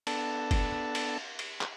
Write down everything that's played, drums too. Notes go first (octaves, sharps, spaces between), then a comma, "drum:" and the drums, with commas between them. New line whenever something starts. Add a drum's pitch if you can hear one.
B3 D4 A4 A5, drum: cymbal
drum: kick, cymbal
drum: cymbal
drum: cymbal
drum: clap